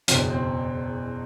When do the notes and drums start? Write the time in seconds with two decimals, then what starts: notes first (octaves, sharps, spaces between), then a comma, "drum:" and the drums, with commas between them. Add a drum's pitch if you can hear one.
0.08 F#1 E2 B2 C4, drum: hi-hat
0.30 C4